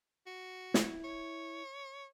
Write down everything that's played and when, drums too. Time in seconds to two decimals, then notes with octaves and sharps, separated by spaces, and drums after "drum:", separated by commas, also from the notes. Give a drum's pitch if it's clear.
0.27 F#4
0.74 E4, drum: snare
1.04 C#5